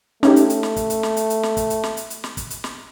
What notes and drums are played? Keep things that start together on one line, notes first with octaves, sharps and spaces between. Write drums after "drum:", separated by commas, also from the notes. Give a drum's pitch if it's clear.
A3 C#4 D#4 G4, drum: snare
drum: hi-hat
drum: hi-hat
drum: snare
drum: kick, hi-hat
drum: hi-hat
drum: snare
drum: hi-hat
drum: hi-hat
drum: snare
drum: kick, hi-hat
drum: hi-hat
drum: snare
drum: hi-hat
drum: hi-hat
drum: snare
drum: kick, hi-hat
drum: hi-hat
drum: snare